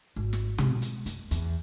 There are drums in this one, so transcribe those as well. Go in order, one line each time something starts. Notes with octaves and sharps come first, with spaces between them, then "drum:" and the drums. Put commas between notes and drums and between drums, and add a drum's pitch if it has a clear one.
G#1
drum: snare
G#3, drum: tom
drum: hi-hat
F#1, drum: hi-hat
E2, drum: hi-hat